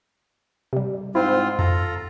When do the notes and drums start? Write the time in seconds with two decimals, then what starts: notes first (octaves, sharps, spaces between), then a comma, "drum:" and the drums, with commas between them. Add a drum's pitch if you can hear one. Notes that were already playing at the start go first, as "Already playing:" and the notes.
0.73 C3 G3
1.15 G#2 C4 E4 F4
1.59 F4 A4 A#5, drum: tom F2